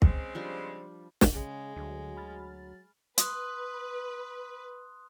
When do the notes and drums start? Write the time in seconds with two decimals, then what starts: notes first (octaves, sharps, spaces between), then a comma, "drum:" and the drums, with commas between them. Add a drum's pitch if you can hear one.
0.02 C#3 G#3 C4, drum: kick
0.35 F3 G3 D4
1.21 drum: snare
1.32 C#3 G#3
1.76 D2 D3 F#3
2.17 B5 F6 A6
3.18 B4 C6 D#6 F#6, drum: hi-hat